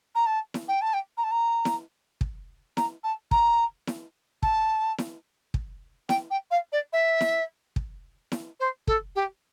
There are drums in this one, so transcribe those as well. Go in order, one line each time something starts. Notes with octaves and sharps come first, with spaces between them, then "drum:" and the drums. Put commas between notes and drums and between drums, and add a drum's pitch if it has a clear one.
A#5
A5
drum: snare E4
G5
A5
G5
A#5
A5
A#5
drum: snare E4
drum: kick
A#5, drum: snare E4
A5
A#5, drum: kick
drum: snare E4
A5, drum: kick
drum: snare E4
drum: kick
G5, drum: snare E4
G5
F5
D5
E5
drum: snare E4
drum: kick
drum: snare E4
C5
A4, drum: kick
G4